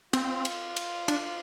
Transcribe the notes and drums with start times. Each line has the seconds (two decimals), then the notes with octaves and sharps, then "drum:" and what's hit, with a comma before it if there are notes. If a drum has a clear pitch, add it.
0.13 C4 F4, drum: cymbal
0.45 drum: cymbal
0.76 drum: cymbal
1.08 D4, drum: cymbal